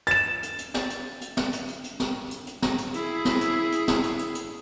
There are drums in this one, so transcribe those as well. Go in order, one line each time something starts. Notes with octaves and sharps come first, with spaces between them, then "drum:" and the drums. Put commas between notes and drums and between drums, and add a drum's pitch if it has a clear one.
A6 E7
drum: hi-hat
drum: hi-hat
drum: snare
drum: hi-hat
drum: hi-hat
drum: snare
drum: hi-hat
drum: hi-hat
drum: hi-hat
drum: snare
drum: hi-hat
drum: hi-hat
drum: snare
drum: hi-hat
E4 G#4, drum: hi-hat
drum: snare
drum: hi-hat
drum: hi-hat
drum: snare
drum: hi-hat
drum: hi-hat
drum: hi-hat